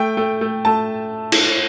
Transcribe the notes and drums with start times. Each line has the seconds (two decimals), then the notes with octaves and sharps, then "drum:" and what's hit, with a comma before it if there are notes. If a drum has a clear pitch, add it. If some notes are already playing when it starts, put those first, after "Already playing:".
Already playing: A3 G5
0.17 A3
0.41 A3
0.65 A3 A5
1.32 drum: cymbal